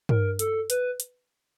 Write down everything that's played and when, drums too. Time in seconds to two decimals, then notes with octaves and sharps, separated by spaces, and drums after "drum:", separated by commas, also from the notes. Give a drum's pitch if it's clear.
0.09 A#4, drum: tom
0.39 A4, drum: hi-hat
0.70 B4, drum: hi-hat
1.00 drum: hi-hat